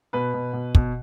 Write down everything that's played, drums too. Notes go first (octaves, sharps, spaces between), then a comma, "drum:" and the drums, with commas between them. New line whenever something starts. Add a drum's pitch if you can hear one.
B2 B4
B2
B2
B2, drum: kick